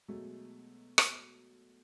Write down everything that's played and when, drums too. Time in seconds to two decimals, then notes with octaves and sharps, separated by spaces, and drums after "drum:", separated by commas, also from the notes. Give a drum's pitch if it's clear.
0.08 B2 F#3 G#3 A3
0.98 drum: rim click